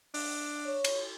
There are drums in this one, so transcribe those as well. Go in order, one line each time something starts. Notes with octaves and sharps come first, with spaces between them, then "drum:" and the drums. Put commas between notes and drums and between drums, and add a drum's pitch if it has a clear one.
D4, drum: open hi-hat
C#5
drum: cymbal